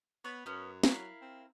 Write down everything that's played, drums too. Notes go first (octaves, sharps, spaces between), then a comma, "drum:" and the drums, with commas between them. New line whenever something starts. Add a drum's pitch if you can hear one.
B3 C#5 B5
F#2 B3 C#4
F#3 E4 A#4 F5, drum: snare
C4